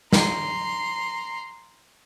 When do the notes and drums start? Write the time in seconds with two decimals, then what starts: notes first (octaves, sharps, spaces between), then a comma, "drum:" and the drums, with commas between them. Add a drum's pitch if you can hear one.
0.13 A#5 C6, drum: snare